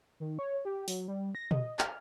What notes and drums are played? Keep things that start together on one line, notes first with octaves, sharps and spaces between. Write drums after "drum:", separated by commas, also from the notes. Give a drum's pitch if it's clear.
D#3
C#5
G4
F#3, drum: open hi-hat
G3
A#6
D#5, drum: tom
F6, drum: clap